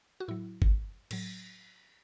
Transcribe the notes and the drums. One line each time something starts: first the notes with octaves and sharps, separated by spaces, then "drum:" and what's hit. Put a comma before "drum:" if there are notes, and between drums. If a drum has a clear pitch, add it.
F#4
A2 F#3 E4
drum: kick G1
A2 F#3, drum: cymbal